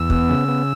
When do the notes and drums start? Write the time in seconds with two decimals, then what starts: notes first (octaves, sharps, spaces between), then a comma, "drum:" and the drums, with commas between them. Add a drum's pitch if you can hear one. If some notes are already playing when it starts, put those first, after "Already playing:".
Already playing: E2 E6
0.10 B3, drum: kick
0.30 C#3
0.48 B3